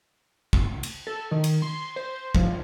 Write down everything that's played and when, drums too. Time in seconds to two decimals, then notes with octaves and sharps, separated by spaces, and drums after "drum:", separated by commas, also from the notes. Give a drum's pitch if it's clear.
0.53 drum: kick
0.83 drum: cymbal
1.07 A4
1.31 D#3
1.44 drum: cymbal
1.62 C6
1.96 C5
2.35 F3, drum: kick